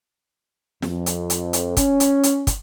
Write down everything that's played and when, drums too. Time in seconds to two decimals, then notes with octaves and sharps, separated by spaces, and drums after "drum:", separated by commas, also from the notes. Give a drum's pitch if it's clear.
0.82 F2, drum: snare
1.06 drum: hi-hat
1.30 drum: hi-hat
1.53 drum: hi-hat
1.77 C#4, drum: kick, hi-hat
2.00 drum: hi-hat
2.23 drum: hi-hat
2.47 drum: kick, hi-hat